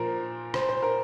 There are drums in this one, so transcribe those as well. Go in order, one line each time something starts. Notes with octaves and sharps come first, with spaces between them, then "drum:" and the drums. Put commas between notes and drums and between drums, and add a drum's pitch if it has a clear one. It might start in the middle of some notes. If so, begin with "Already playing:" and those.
Already playing: A#2 F3 A#4 C5
C5, drum: rim click
C5
A#4